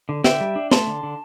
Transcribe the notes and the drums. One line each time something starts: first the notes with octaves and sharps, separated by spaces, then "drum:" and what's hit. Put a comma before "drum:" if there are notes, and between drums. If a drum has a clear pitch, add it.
D3
D3 E5 G5, drum: snare
G3
D4
A3 A5 C6, drum: snare
D3
D3